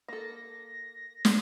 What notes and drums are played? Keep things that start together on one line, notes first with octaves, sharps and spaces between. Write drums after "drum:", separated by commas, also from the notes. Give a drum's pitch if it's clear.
A#3 A4 A#6
drum: snare